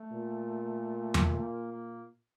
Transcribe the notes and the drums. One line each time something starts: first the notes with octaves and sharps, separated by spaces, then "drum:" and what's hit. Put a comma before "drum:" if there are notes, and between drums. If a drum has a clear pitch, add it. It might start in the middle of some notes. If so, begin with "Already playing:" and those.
Already playing: A3
A#2
drum: tom E2
A#3
A#3